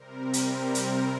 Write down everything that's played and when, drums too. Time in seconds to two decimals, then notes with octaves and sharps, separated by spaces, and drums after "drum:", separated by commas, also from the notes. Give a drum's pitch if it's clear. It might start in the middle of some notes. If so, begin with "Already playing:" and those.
Already playing: C3 G3 C4 A#4
0.33 A#4, drum: hi-hat
0.75 drum: hi-hat